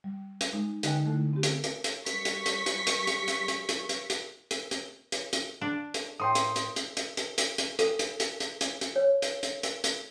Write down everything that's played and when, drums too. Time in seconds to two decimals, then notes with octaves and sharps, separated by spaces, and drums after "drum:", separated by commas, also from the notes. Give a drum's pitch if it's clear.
0.04 G3
0.41 drum: hi-hat
0.53 G#3 D#4
0.83 D3 D#4 D#5 G5 G#5, drum: hi-hat
1.06 D3 A3 E4 A4
1.33 C4 G4
1.43 drum: hi-hat
1.64 drum: hi-hat
1.84 drum: hi-hat
2.06 G3 C#6 B6, drum: hi-hat
2.25 drum: hi-hat
2.46 drum: hi-hat
2.66 drum: hi-hat
2.87 drum: hi-hat
3.07 drum: hi-hat
3.28 drum: hi-hat
3.48 drum: hi-hat
3.69 drum: hi-hat
3.89 drum: hi-hat
4.10 drum: hi-hat
4.51 drum: hi-hat
4.71 drum: hi-hat
5.12 drum: hi-hat
5.33 drum: hi-hat
5.61 D4
5.94 drum: hi-hat
6.20 A2 G5 C6 D#6
6.35 drum: hi-hat
6.56 drum: hi-hat
6.76 drum: hi-hat
6.97 drum: hi-hat
7.17 drum: hi-hat
7.38 drum: hi-hat
7.58 drum: hi-hat
7.79 A4, drum: hi-hat
7.99 drum: hi-hat
8.20 drum: hi-hat
8.40 drum: hi-hat
8.61 drum: hi-hat
8.81 drum: hi-hat
8.96 C#5
9.22 drum: hi-hat
9.43 drum: hi-hat
9.63 drum: hi-hat
9.84 drum: hi-hat